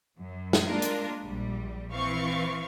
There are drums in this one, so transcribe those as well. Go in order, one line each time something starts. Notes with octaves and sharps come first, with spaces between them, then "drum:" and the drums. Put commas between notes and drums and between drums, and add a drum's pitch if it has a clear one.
F#2
drum: snare
G#3 A#3 D4 F4 A#4
drum: hi-hat
A#1 G3
E3 C4 F5 C#6